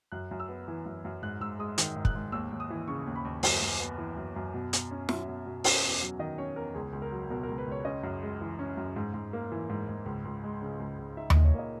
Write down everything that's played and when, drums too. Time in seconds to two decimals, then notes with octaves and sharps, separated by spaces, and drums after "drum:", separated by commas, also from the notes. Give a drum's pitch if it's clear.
0.12 F#2 F#6
0.31 F#2
0.40 E6
0.49 B3
0.68 E3
0.86 F#2
1.05 F#2
1.22 G#2 F#6
1.40 G#2 E6
1.59 G#3 D#6
1.78 D#3, drum: hi-hat
1.96 G#2
2.05 F#6, drum: kick
2.15 G#2
2.32 D#2 E6
2.51 D#2
2.60 D#6
2.70 E3
2.88 C#3 C#6
3.07 D#2
3.16 B5
3.25 D#2
3.43 F#2 G#5, drum: open hi-hat
3.62 F#2
3.80 B3
3.98 E3
4.17 F#2
4.36 F#2
4.54 B2
4.73 B2, drum: hi-hat
4.91 C#4
5.09 F#3 E5, drum: snare
5.28 B2
5.46 B2
5.64 C#4, drum: open hi-hat
5.82 E2
6.02 F#3
6.19 D#3 D#5
6.38 C#4 C#5
6.56 E2 A#4
6.75 C#2 G#4
6.93 C#2
7.02 A#4
7.12 F#3
7.30 B2 A#4
7.43 A#4
7.49 C#2
7.58 B4
7.67 C#2 C#5
7.85 C#4 D#5
8.03 F#2
8.23 G#3
8.41 E3
8.59 C#4
8.77 F#2
8.96 G#2
9.14 G#2
9.33 A#3
9.52 E3
9.69 G#2
9.89 G#2
10.06 C#2
10.25 C#2
10.44 G#3
10.61 C#3
10.80 C#2
10.98 C#2
11.17 D#4 E5
11.30 A#2 D#5, drum: tom D#2
11.44 C#5
11.54 A#3 D#5